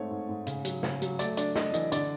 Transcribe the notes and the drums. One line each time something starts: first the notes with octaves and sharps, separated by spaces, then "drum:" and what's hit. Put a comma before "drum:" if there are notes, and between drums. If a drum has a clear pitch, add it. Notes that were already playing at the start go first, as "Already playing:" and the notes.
Already playing: G#2 A3 C4 C#5
G#2
G#2
C#3, drum: hi-hat
F#3, drum: hi-hat
C#3, drum: snare
F#3, drum: hi-hat
A3 D5, drum: hi-hat
D4 D5, drum: hi-hat
D4 D#5, drum: snare
E3 D#5, drum: hi-hat
D3 D5, drum: hi-hat